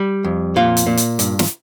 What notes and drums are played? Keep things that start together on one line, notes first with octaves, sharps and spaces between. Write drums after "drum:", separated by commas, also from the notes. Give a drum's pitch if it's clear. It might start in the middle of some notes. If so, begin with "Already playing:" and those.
Already playing: G3
F2
A#2 F4
drum: hi-hat
A#2
drum: hi-hat
G2, drum: hi-hat
drum: snare